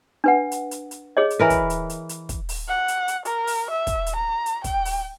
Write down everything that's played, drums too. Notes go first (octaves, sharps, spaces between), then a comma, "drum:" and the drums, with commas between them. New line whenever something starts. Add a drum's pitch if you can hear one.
D4 B4 F#5
drum: hi-hat
drum: hi-hat
drum: hi-hat
G#4 C#5 D#5
drum: hi-hat
E3 A#4 B4
drum: kick, hi-hat
drum: hi-hat
drum: hi-hat
drum: hi-hat
drum: kick, hi-hat
drum: open hi-hat
F#5
drum: hi-hat
drum: hi-hat
A#4, drum: hi-hat
drum: open hi-hat
E5
drum: kick, hi-hat
drum: hi-hat
A#5
drum: hi-hat
G5, drum: kick, hi-hat
drum: open hi-hat